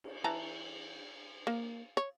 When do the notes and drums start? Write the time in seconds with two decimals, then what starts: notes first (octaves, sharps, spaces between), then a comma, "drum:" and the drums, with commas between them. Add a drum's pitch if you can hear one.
0.04 drum: cymbal
0.24 E3 A5 A#5
1.47 A#3
1.97 C#5